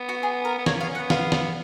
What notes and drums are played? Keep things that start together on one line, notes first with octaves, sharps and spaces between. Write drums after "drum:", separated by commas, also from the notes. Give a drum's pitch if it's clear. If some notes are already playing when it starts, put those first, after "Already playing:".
Already playing: B3
F#4
G#4
A#4
B3
A#3 C#5, drum: snare
B3 F5
C#4
F#5
B3
F5, drum: snare
drum: snare